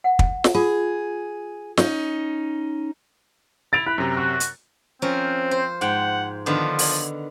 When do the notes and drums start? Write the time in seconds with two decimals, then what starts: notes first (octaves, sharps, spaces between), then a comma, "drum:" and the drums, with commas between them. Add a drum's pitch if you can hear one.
0.04 F#5
0.19 drum: kick
0.44 drum: snare
0.55 F4 G#4
1.77 C#4 D#4, drum: snare
3.73 E4 A6 D7 F7
3.86 E4 B5 F#6
3.98 F#2 C3 A#5
4.16 F#4 F#6
4.40 drum: hi-hat
5.02 F3 C4 C#4 A#4
5.51 C5
5.81 G#2 F#5 G5
6.46 D3 D#3 F3 B3
6.79 drum: open hi-hat